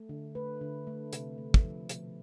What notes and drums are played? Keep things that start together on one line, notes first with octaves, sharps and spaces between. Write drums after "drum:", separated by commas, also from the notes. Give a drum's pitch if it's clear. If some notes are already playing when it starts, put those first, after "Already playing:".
Already playing: A3
D3
A3 B4
D3
A3
C3, drum: hi-hat
A3
drum: kick
F3
B2, drum: hi-hat